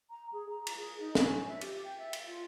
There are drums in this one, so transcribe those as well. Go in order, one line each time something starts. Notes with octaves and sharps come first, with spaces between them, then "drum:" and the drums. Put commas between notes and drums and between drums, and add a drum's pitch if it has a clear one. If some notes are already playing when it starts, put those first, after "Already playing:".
A#5
G#4
A#5
drum: cymbal
G#4
D#4
C#4, drum: snare
E5
G4, drum: cymbal
G5
E5
drum: cymbal
F4